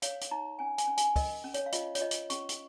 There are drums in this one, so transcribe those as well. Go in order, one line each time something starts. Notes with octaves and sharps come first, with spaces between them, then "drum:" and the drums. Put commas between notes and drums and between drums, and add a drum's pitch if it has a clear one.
C#5 F5, drum: hi-hat
drum: hi-hat
D#4 A#5
C#4 G#5
G#5, drum: hi-hat
C#4
G#5, drum: hi-hat
A#4 D#5, drum: kick, open hi-hat
C#4
C#5, drum: hi-hat
F5
F4 D#5, drum: hi-hat
C#5, drum: hi-hat
F4 D#5
drum: hi-hat
C#4 C#6, drum: hi-hat
drum: hi-hat